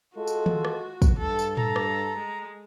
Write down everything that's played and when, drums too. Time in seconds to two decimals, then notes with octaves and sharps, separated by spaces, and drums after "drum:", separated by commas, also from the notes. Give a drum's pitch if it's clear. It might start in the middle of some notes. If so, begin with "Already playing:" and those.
0.17 G#3 F4 F#4 A4
0.27 drum: tambourine
0.46 drum: tom D#3
0.65 drum: rim click
1.02 drum: kick, tambourine
1.19 G2 A4
1.39 drum: tambourine
1.57 A4 A#5, drum: tom A2
1.76 drum: rim click
2.18 G#3